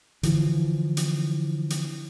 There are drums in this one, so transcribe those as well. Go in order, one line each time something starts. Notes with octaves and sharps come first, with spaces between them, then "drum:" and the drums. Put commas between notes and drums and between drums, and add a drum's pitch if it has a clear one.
D3 E3 F3, drum: hi-hat
drum: hi-hat
drum: hi-hat